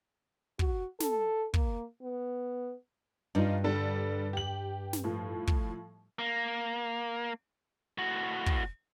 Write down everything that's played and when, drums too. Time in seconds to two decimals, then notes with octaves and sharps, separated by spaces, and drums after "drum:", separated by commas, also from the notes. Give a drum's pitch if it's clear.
0.59 F#4, drum: kick
1.00 A4, drum: snare
1.54 A#3, drum: kick
2.02 B3
3.35 G2 D4 D#4 F4
3.64 D3 G3 A4
4.33 G4 F#7
4.93 drum: snare
5.04 A2 F3
5.48 drum: kick
6.19 A#3
7.98 A2 F#4
8.46 drum: kick